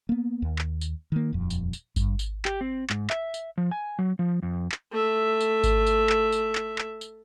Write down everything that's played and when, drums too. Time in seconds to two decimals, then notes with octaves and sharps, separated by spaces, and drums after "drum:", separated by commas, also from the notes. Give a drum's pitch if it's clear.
0.09 A#3 B3
0.42 D#2
0.58 drum: clap
0.81 drum: tambourine
1.12 D#3 A#3
1.33 D#1 F2
1.50 drum: tambourine
1.73 drum: tambourine
1.96 G2, drum: kick G#1, tambourine
2.19 drum: tambourine
2.45 G4, drum: clap
2.61 C4
2.90 G#2, drum: clap
3.10 E5, drum: clap
3.34 drum: tambourine
3.58 F3
3.71 G#5
3.99 F#3
4.19 F3
4.43 F2
4.72 drum: clap
4.92 A3 E5
5.41 drum: tambourine
5.64 drum: kick G#1, tambourine
5.86 drum: tambourine
6.09 drum: clap
6.32 drum: tambourine
6.55 drum: clap
6.78 drum: clap
7.01 drum: tambourine